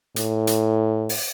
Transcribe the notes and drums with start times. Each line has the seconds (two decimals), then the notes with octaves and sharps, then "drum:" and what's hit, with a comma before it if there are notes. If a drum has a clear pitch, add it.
0.16 A2, drum: hi-hat
0.47 drum: hi-hat
1.09 drum: open hi-hat